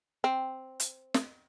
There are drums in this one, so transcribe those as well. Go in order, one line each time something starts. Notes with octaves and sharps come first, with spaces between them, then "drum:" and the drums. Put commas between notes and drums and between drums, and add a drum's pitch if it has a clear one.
C4
drum: hi-hat
drum: snare